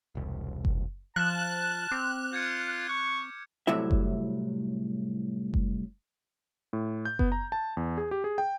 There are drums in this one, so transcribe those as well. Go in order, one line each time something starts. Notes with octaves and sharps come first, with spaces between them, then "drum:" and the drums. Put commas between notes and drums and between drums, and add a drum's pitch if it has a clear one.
E1 C2
drum: kick F#1
F3 A5 F6 F#6 E7
C4 D6
F4 G6 G#6 C#7
C#6
C2 A2 C3 F#3 E4 E5
drum: kick F#1
drum: kick F#1
A2
G6
B3, drum: kick F#1
A#5
A5
E2
G#4
G4
G#4
G5